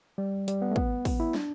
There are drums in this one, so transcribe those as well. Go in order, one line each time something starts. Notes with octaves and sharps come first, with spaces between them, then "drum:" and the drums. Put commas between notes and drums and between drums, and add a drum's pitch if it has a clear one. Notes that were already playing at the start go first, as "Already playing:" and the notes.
G3
G3, drum: hi-hat
B3
A3
B3, drum: kick
drum: kick, open hi-hat
E4
D4, drum: snare